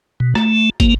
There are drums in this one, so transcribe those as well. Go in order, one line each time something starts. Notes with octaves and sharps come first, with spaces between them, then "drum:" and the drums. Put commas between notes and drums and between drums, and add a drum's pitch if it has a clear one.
B2
A3, drum: rim click
A#3, drum: kick, hi-hat